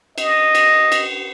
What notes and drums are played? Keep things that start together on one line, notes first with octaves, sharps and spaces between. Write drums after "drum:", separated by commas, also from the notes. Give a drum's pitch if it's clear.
D#5, drum: cymbal
drum: cymbal
drum: cymbal